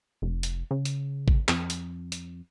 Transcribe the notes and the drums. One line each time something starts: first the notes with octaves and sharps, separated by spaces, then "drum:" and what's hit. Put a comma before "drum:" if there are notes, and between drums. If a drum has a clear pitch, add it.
F1
drum: hi-hat
C#3
drum: hi-hat
drum: kick G#1
F2, drum: clap
drum: hi-hat
drum: hi-hat